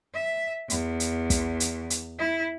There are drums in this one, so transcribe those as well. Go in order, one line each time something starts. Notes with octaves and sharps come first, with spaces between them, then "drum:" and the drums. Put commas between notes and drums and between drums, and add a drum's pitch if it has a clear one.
E5
E2, drum: hi-hat
drum: hi-hat
drum: kick, hi-hat
drum: hi-hat
drum: hi-hat
E4